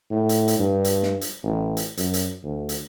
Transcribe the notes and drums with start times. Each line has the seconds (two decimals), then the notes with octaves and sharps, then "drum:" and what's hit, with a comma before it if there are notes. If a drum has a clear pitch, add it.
0.11 A2
0.29 drum: hi-hat
0.48 drum: hi-hat
0.59 G2
0.84 drum: hi-hat
1.03 drum: snare
1.21 drum: hi-hat
1.43 A1
1.77 drum: hi-hat
1.97 F#2, drum: hi-hat
2.14 drum: hi-hat
2.44 D2
2.69 drum: hi-hat